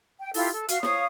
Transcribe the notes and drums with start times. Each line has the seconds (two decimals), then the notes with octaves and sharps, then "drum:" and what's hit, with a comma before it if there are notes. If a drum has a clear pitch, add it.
0.21 G5
0.34 E4 F4 G4 A4, drum: open hi-hat
0.52 A4
0.69 F#4 F5, drum: hi-hat
0.83 C#5 F5 C#6 D#6, drum: snare